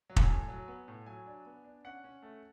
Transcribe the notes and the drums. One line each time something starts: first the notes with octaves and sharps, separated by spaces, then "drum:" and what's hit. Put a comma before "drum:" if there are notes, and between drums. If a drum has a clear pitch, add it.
F#3
G#5, drum: kick
A2
F#3
B3
A2
F#3 G#5
D4
B3
D4
C#4 F#5
C#4
A3